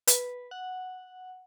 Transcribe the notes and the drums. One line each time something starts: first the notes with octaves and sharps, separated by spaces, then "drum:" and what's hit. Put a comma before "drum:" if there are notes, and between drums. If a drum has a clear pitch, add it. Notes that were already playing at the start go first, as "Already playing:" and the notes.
B4, drum: hi-hat
F#5